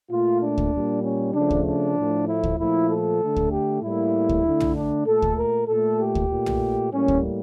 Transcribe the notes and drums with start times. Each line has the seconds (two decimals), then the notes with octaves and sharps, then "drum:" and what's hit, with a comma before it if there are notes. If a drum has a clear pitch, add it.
0.11 A#2 A3 F4
0.42 D4
0.58 drum: kick
0.73 A#2 G3 A#3
1.04 C#4
1.34 C#3 F3 A3 D4
1.51 drum: kick
1.66 D4
1.98 A2 F3 A3
2.28 E4
2.43 drum: kick
2.58 A#2 F3 A3 E4
2.90 A4
3.21 D3 A3
3.36 drum: kick
3.52 G4
3.83 A2 G3 A#3 E4
4.29 drum: kick
4.45 D3 A3
4.60 drum: tom
4.75 D4
5.06 A#2 A3 A4
5.22 drum: kick
5.38 A#4
5.69 A#2 A3 A4
6.00 G4
6.15 drum: kick
6.30 A#2 A3
6.46 drum: tom
6.92 A2 G3 A#3 C#4
7.08 drum: kick